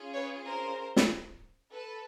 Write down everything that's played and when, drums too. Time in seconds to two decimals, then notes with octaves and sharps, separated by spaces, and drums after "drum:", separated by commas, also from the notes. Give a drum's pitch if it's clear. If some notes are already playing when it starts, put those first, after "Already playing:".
Already playing: C#4 F4 G#4
0.13 B4 C#5
0.45 A#4 C5
0.96 drum: snare
1.73 A4 B4